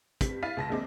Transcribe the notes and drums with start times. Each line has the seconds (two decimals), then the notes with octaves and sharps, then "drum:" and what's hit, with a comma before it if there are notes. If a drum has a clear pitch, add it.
0.21 G2 C4 B6, drum: kick, hi-hat
0.43 E4 F5 A6 B6 D#7
0.57 C#2 A5 A#6
0.69 A#1 D#2 G#3 C4 D#5 D6